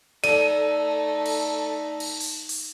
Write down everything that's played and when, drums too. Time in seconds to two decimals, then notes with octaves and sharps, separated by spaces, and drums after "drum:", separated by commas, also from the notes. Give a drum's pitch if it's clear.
0.24 A3 D#4 A4 D5 D#7, drum: cymbal
1.26 drum: cymbal
2.00 drum: cymbal
2.20 drum: open hi-hat
2.49 drum: open hi-hat